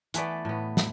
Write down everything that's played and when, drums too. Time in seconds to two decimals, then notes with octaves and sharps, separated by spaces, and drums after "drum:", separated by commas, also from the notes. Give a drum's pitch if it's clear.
0.14 E3 A3 B3 D5, drum: hi-hat
0.45 A2 B3
0.77 drum: snare